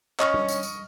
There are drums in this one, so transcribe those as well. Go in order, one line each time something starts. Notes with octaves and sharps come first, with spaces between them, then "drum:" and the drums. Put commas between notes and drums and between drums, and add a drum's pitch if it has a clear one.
C#4 D#5 C#6 F6, drum: clap
drum: tom
drum: tambourine
drum: tambourine